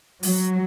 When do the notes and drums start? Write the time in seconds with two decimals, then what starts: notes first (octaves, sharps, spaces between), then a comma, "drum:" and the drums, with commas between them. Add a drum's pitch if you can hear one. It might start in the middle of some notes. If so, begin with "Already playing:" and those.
0.23 F#3, drum: open hi-hat